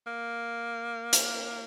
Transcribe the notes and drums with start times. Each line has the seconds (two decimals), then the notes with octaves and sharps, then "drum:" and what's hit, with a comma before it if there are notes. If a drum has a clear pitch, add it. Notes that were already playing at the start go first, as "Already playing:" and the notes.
0.07 A#3
1.13 drum: hi-hat